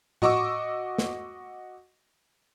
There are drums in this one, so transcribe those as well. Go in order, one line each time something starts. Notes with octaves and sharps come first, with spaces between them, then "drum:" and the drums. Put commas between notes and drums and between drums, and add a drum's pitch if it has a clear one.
F#4 D#5 C#6 D6 E6, drum: tom A2
drum: snare